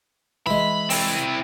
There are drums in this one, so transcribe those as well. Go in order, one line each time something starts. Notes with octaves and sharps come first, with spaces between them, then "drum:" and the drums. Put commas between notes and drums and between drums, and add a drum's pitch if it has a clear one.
E3 G#3 B5
C4 E4, drum: open hi-hat